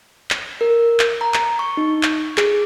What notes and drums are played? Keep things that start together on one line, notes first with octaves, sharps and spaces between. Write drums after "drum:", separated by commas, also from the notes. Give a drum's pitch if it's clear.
drum: clap
A#4
drum: clap
A#5
drum: clap
C#6
D#4
drum: clap
G#4, drum: clap